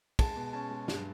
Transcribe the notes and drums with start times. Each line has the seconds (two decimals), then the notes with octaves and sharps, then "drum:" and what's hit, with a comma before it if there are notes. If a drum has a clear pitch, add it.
0.19 G#3 A5, drum: kick, cymbal
0.36 B2
0.53 C#4 A5
0.70 G#3
0.88 G2, drum: snare